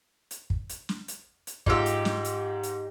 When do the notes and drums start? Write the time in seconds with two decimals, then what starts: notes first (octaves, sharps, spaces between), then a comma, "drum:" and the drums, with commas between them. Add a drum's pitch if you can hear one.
0.31 drum: hi-hat
0.50 drum: kick
0.69 drum: hi-hat
0.89 drum: snare
1.08 drum: hi-hat
1.47 drum: hi-hat
1.66 G#2 D#4 F4 G4 E6, drum: kick
1.86 drum: hi-hat
2.05 drum: snare
2.25 drum: hi-hat
2.63 drum: hi-hat